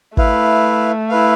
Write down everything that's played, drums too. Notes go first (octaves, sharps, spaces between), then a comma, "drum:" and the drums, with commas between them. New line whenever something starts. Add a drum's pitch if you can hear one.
A3 E4 B4 F5, drum: kick
E4 B4 F5